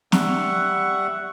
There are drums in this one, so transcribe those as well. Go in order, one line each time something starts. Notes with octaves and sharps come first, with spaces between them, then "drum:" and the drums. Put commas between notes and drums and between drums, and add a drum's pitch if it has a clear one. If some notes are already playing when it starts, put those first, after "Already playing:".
G3 E5 F#5 C#6, drum: snare